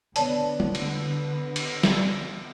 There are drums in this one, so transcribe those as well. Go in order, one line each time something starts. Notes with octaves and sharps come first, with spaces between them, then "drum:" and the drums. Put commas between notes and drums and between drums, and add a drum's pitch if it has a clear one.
D3 B3 C#5 D5 A5, drum: hi-hat
drum: tom
drum: cymbal
drum: cymbal
drum: snare